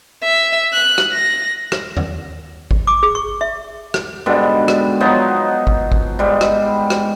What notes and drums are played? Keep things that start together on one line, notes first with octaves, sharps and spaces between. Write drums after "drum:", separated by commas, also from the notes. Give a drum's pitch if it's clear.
E5
F#6
drum: rim click
A#6
drum: rim click
drum: tom E2
drum: kick G#1
D6
G#4
C#6
E5
drum: rim click
G#2 B2 D3 G3
drum: rim click
F3 F#3 B3 D#4
drum: kick G#1
drum: kick G#1
G#2 G3
drum: rim click
drum: rim click